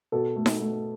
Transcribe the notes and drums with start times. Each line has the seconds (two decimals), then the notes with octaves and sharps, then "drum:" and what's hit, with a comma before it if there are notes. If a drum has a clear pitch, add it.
0.12 B2 A4
0.36 A3
0.46 drum: snare D#4
0.60 A3